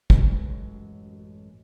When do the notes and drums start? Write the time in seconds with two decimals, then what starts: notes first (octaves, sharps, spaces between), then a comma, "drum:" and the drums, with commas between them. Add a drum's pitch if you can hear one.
0.10 A1 F#2 F#3 G#3, drum: kick